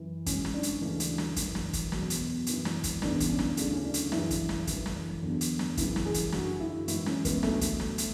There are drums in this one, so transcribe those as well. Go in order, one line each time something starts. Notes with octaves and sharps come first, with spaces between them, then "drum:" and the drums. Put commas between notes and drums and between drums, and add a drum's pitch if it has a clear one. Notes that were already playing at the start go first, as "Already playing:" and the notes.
Already playing: F#2 E3
G#2 F#3 C#4, drum: kick, hi-hat
drum: snare
D4
drum: hi-hat
D2 C#3 E3 D4
drum: hi-hat
drum: snare
F#2 E3, drum: kick, hi-hat
drum: snare
drum: kick, hi-hat
E2 B2 F#3, drum: snare
drum: hi-hat
F#2 E3, drum: hi-hat
drum: snare
drum: kick, hi-hat
E2 C#3 E3 D4, drum: snare
drum: kick, hi-hat
C#4
drum: snare
D2 C#3 F#3 D4, drum: hi-hat
C#4
D4
drum: hi-hat
F#2 C#3 E3 E4, drum: snare
drum: kick, hi-hat
drum: snare
F#2 E3, drum: kick, hi-hat
drum: snare
E2 D3 F#3
drum: hi-hat
drum: snare
F#2 C#3 E3 E4, drum: kick, hi-hat
drum: snare
G#4
drum: kick, hi-hat
F#2 D3 F#3 F#4, drum: snare
E4
G#2 E3 E4, drum: hi-hat
C#4, drum: snare
B3, drum: kick, hi-hat
D2 D3 F#3 A3, drum: snare
drum: kick, hi-hat
drum: snare
drum: hi-hat